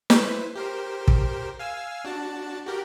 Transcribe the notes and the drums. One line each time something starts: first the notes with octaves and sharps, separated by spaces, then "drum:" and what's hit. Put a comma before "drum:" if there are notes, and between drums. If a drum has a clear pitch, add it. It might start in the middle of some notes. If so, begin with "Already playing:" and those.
E4 B4 C5, drum: snare
G4 A#4 C5
drum: kick
F5 G#5 E6
D4 F#4 A5
F#4 G4 A#4